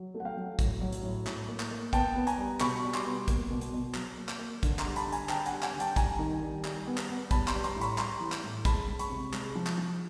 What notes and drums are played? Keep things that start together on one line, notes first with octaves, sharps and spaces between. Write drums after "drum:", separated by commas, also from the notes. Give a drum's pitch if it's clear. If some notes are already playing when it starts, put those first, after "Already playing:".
Already playing: F#3
A3
F#5
F5 G5
F#3
A2, drum: kick, hi-hat
F#3
drum: hi-hat
A2
A2, drum: clap
A#3
drum: clap
A#3
B3 G5 A5, drum: kick, hi-hat
B3
G#5 A#5, drum: hi-hat
G3
B2 B5 C#6, drum: clap
G3
C6 D6, drum: clap
B3
A#3, drum: kick, hi-hat
B2
drum: hi-hat
B2
F#3, drum: clap
A#3
drum: clap
A#3
D3, drum: kick, hi-hat
A#5 C6, drum: clap
G3
A5 B5, drum: hi-hat
D3
G#5 A#5, drum: hi-hat
D3 G5 A5, drum: clap
F#5 G#5, drum: hi-hat
G3
F#5 G#5, drum: clap
D3
G5 A5, drum: hi-hat
G3 G#5 A#5, drum: kick, hi-hat
D#3
G3
G3, drum: clap
B3
drum: clap
B3
G3 A5 B5, drum: kick, hi-hat
A#5 C6, drum: clap
G3
A#5 C6, drum: hi-hat
A2
B5 C#6, drum: hi-hat
G3 A#5 C6, drum: clap
E3
drum: clap
A2
G#3 A5 B5, drum: kick, hi-hat
G#3
B5 C#6, drum: hi-hat
C3
G#3, drum: clap
F3
drum: clap
F3